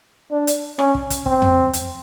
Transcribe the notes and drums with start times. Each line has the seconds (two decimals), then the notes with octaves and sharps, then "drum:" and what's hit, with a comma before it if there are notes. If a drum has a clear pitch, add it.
0.31 D4
0.47 drum: hi-hat
0.79 C#4, drum: rim click
0.95 drum: kick
1.10 drum: kick, hi-hat
1.26 C4, drum: kick
1.42 drum: tom
1.73 drum: hi-hat